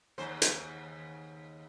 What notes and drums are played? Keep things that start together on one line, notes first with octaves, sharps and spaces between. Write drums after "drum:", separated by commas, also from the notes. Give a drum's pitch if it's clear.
D#2 C#3 C5
drum: hi-hat